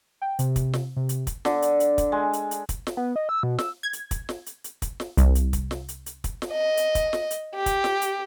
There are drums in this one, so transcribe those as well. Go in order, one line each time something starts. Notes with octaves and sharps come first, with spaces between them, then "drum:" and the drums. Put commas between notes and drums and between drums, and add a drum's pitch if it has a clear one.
G5
C3, drum: hi-hat
drum: kick, hi-hat
drum: snare
C3
drum: hi-hat
drum: kick, hi-hat
D3, drum: snare
drum: hi-hat
drum: hi-hat
drum: kick, hi-hat
G#3
drum: hi-hat
drum: hi-hat
drum: kick, hi-hat
drum: snare
B3
D#5
E6
B2
E6, drum: snare
G#6
drum: hi-hat
drum: kick, hi-hat
drum: snare
drum: hi-hat
drum: hi-hat
drum: kick, hi-hat
drum: snare
C2, drum: hi-hat
drum: hi-hat
drum: kick, hi-hat
drum: snare
drum: hi-hat
drum: hi-hat
drum: kick, hi-hat
drum: snare
D#5
drum: hi-hat
drum: kick, hi-hat
drum: snare
drum: hi-hat
G4
drum: kick, hi-hat
drum: snare
drum: hi-hat